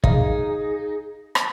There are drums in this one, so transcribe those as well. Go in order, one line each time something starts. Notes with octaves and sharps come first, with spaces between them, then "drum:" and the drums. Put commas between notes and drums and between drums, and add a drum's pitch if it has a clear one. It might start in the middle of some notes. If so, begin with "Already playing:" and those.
D#4 G#4 F5, drum: kick
drum: rim click